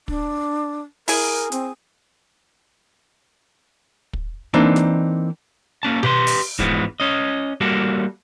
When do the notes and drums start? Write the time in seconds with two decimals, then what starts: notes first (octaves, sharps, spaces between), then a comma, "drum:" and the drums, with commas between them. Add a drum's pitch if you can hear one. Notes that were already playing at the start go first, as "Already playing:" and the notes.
0.08 D4, drum: kick
1.08 E4 G#4 A#4, drum: open hi-hat
1.52 C4, drum: hi-hat
4.13 drum: kick
4.54 E3 A#3 C4 D4 D#4
4.76 drum: snare
5.83 A#3 C#4 A5
6.03 G4 B4 C6, drum: tom B2
6.27 drum: open hi-hat
6.59 G#2 E3 F3 G#3 B3, drum: kick
7.00 C#4 D#5
7.61 G3 A#3 F#4 A4